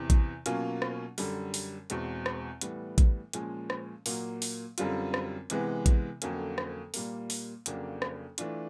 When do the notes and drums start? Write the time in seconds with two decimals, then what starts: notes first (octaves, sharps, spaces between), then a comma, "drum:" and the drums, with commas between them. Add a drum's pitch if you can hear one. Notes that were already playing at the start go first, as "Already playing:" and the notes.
Already playing: E2 C3 E3
0.10 drum: kick A1, hi-hat
0.46 B2 F#3 A#3 C#4 F4, drum: hi-hat
0.82 drum: rim click
1.18 F#2 D3 G3, drum: open hi-hat
1.54 drum: open hi-hat
1.90 E2 B2 G#3 C4, drum: hi-hat
2.26 drum: rim click
2.61 A2 E3 G3 B3, drum: hi-hat
2.98 drum: kick A1, hi-hat
3.33 A#2 F3 G#3 C#4, drum: hi-hat
3.70 drum: rim click
4.06 A#2 F#3 A#3, drum: open hi-hat
4.42 drum: open hi-hat
4.78 F#2 D3 G3 C4 F4, drum: hi-hat
5.14 drum: rim click
5.50 C3 E3 G#3 B3, drum: hi-hat
5.86 drum: kick A1, hi-hat
6.22 F2 D3 F#3 A#3 C#4, drum: hi-hat
6.58 drum: rim click
6.94 A#2 G3 A#3, drum: open hi-hat
7.30 drum: open hi-hat
7.66 F2 C#3 F#3 A#3 D4, drum: hi-hat
8.02 drum: rim click
8.38 E3 A3 D4 F4, drum: hi-hat